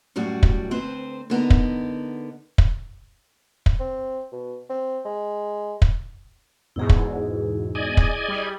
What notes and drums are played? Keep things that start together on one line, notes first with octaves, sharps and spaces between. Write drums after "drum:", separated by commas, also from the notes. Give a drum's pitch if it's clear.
F#2 A2 G3 F#4
drum: kick
D2 C4 B4 C5
D3 B3 D#4 A#4
drum: kick
drum: kick
drum: kick
C4
B2
C4
G#3
drum: kick
E2 G#2 B2 E4 G#4
drum: kick
D5 D#5 G#5
drum: kick
G3